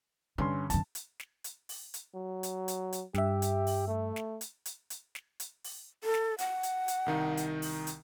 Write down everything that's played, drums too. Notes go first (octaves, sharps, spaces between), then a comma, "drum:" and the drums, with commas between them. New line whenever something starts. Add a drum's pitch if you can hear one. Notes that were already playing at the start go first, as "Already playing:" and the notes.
G2 D3 C#4 C6
F#2 D3 A5, drum: hi-hat
drum: hi-hat
drum: snare
drum: hi-hat
drum: open hi-hat
drum: hi-hat
F#3
drum: hi-hat
drum: hi-hat
drum: hi-hat
G2 G4 E5, drum: snare
drum: hi-hat
drum: open hi-hat
A3
drum: snare
drum: hi-hat
drum: hi-hat
drum: hi-hat
drum: snare
drum: hi-hat
drum: open hi-hat
A4
drum: snare
F#5, drum: hi-hat
drum: hi-hat
drum: hi-hat
C2 D#3 D#4
drum: hi-hat
drum: open hi-hat
drum: hi-hat